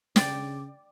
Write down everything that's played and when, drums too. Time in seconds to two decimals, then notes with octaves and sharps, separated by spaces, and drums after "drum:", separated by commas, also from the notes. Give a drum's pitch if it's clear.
0.16 C#3 D5 G5, drum: snare